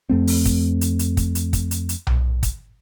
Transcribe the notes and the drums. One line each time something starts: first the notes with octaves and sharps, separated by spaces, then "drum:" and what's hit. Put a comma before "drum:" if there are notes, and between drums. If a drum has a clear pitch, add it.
F2 A3 C4
drum: open hi-hat
drum: kick, hi-hat
drum: hi-hat
drum: hi-hat
drum: kick, hi-hat
drum: hi-hat
drum: kick, hi-hat
drum: hi-hat
drum: hi-hat
drum: tom B1
drum: kick, hi-hat